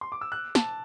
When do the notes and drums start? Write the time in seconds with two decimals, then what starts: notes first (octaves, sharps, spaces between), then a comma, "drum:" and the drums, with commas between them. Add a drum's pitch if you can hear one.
0.01 C6
0.12 D6
0.21 E6
0.32 F#6
0.55 A5, drum: snare